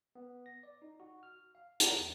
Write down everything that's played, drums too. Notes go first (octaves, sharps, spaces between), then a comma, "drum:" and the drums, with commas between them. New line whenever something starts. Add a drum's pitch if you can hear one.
B3
A#6
D5
D#4
F#4
F6
F5
A#5, drum: hi-hat
E2